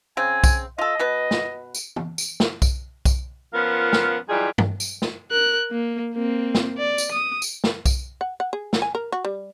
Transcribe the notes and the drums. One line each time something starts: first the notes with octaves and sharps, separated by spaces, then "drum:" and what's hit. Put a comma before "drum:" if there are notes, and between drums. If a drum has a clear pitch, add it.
C#3 C4 G#5
drum: kick B1, tambourine
F4 A4 D#5
B2 B3 B4
drum: snare
drum: tambourine
drum: tom
drum: tambourine
drum: snare
drum: kick B1, tambourine
drum: kick B1, tambourine
F3 B3 C#4 F4 A#4 F5
drum: snare
E3 F#3 G3 D#4 F4 G#4
drum: tom G2
drum: tambourine
drum: snare
A#4 F#6
A#3
A#3 C4
drum: snare
D5
drum: tambourine
D#6
drum: tambourine
drum: snare
drum: kick B1, tambourine
F#5
F#5
G#4
drum: snare
G#5
A#4
F#4
G3